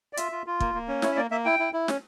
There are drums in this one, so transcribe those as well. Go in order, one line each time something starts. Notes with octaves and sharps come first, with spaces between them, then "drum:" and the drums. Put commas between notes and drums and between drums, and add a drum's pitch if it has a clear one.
D5
F4 E5, drum: hi-hat
F4
F4
A#3, drum: kick
A#3
C#4
E4 C#5, drum: snare
E5
A#3 D5
A#3 E5
E4 G5
E4
E4
C#4, drum: snare